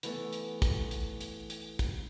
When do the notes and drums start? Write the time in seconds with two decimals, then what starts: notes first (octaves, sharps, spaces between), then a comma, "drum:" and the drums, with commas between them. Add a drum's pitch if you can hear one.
0.03 E3 A3 B3, drum: hi-hat
0.33 drum: hi-hat
0.62 drum: kick, hi-hat
0.91 drum: hi-hat
1.21 drum: hi-hat
1.50 drum: hi-hat
1.79 drum: kick, hi-hat